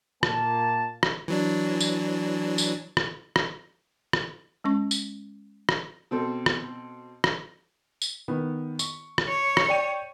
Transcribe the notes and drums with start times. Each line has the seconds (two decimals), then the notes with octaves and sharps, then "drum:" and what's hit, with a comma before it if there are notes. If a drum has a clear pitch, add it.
0.23 A#2 A#3 A5, drum: rim click
1.03 drum: rim click
1.28 E3 F#3 D4
1.80 drum: tambourine
2.58 drum: tambourine
2.97 drum: rim click
3.36 drum: rim click
4.13 drum: rim click
4.64 G#3 C#4 C#6
4.91 drum: tambourine
5.69 drum: rim click
6.11 B2 C4 A4
6.46 drum: rim click
7.24 drum: rim click
8.02 drum: tambourine
8.28 D#3 B3
8.79 C#6, drum: tambourine
9.18 drum: rim click
9.28 C#5
9.57 drum: rim click
9.69 D5 G5 D#7